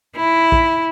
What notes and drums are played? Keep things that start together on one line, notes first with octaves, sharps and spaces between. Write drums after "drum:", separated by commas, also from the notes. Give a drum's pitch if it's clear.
E4
drum: kick